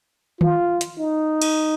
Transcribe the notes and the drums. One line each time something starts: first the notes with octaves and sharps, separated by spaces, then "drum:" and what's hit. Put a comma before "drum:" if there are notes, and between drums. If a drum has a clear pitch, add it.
F4, drum: tom D#3
drum: hi-hat
D#4
drum: cymbal